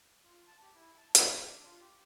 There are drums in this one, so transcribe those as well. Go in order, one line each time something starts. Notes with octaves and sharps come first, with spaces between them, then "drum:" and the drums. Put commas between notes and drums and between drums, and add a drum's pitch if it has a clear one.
F4
A5
G4
E4
A5
B5, drum: hi-hat
D4
F4
G4